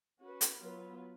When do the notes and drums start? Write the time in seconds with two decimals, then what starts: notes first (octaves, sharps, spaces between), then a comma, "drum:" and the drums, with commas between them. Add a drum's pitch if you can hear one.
0.19 C#4 F#4 B4
0.41 drum: hi-hat
0.58 F#3 B3 F4 B4